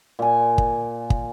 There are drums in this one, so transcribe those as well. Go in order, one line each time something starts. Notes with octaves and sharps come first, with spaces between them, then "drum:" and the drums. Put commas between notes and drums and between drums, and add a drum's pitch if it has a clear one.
A#2 G#5
drum: kick
drum: kick